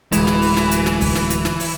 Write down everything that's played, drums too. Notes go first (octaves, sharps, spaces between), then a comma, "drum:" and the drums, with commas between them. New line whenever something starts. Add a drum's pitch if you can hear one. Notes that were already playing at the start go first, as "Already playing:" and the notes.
D1 E3 G#3, drum: hi-hat
drum: snare
drum: open hi-hat
drum: snare
drum: hi-hat
drum: snare
drum: kick, open hi-hat
drum: snare
drum: hi-hat
drum: snare
drum: open hi-hat